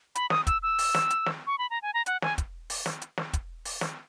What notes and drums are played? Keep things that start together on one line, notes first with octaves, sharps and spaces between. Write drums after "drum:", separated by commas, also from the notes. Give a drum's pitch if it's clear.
B5, drum: hi-hat
D#6, drum: snare
E6, drum: kick, hi-hat
E6
drum: open hi-hat
drum: snare
drum: hi-hat
drum: snare
C#6
B5
A#5
G#5
A#5
F#5, drum: hi-hat
G#5, drum: snare
drum: kick, hi-hat
drum: open hi-hat
drum: snare
drum: hi-hat
drum: snare
drum: kick, hi-hat
drum: open hi-hat
drum: snare